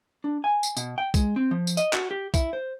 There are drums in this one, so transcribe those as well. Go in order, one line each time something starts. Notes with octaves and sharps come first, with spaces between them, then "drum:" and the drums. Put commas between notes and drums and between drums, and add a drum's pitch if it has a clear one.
D4
G#5
drum: tambourine
B2, drum: tambourine
G5
G#3, drum: kick, tambourine
C4
F3
drum: tambourine
D#5, drum: tambourine
F#4, drum: clap
G4
E4, drum: kick, tambourine
C5